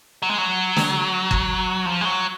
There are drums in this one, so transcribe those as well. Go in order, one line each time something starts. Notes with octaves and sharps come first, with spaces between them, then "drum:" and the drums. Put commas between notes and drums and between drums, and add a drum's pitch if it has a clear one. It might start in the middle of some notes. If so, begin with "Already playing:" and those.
F#3
G#3
F#3
drum: snare
drum: kick
F3
G#3
F#3